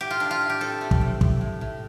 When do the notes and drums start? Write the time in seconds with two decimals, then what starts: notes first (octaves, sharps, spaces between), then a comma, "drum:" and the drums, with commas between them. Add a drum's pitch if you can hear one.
0.01 A2 G4
0.10 F4
0.20 A2 D4
0.31 F4
0.41 A2
0.50 G4
0.60 C4 A4
0.81 A3
0.91 drum: kick
1.01 A2
1.21 A2, drum: kick
1.41 A2
1.61 A2